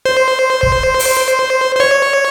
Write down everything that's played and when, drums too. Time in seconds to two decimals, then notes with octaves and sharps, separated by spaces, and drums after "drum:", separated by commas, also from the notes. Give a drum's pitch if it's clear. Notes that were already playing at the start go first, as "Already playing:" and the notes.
0.05 C5
0.63 drum: kick
0.99 drum: open hi-hat
1.75 C5
1.80 C#5